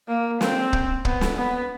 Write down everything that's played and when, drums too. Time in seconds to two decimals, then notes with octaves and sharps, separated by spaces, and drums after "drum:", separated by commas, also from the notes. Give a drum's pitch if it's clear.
0.08 A#3
0.41 C4, drum: snare
0.73 drum: kick
1.05 B3, drum: kick
1.21 drum: snare
1.38 B3